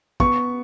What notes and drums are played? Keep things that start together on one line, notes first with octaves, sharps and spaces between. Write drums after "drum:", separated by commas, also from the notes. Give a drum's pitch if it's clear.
B3 C#6, drum: kick